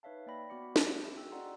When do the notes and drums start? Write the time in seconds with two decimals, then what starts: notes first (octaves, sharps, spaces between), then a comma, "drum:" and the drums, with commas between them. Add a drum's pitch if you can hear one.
0.03 D#4 B4 C#5 E5 F5 A5
0.26 A#3 D5 G5 B5 A#6
0.50 B3 F#4 B5 D6 C#7
0.76 A4 E5, drum: snare
1.15 F#4 G#4 G5 E6
1.32 D5 D#5 F#5 A#5 C6